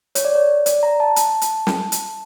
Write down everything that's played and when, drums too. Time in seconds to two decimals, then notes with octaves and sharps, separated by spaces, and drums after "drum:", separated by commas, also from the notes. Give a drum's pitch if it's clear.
0.15 C#5, drum: hi-hat
0.25 D5
0.35 C#5
0.66 D5, drum: hi-hat
0.83 A#5
1.00 A5
1.16 drum: hi-hat
1.41 drum: hi-hat
1.67 drum: snare
1.92 drum: hi-hat